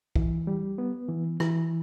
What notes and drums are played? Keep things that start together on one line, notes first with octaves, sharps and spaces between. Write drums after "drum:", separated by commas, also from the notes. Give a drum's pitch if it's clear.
E3, drum: kick
G3
B3
E3
E3, drum: rim click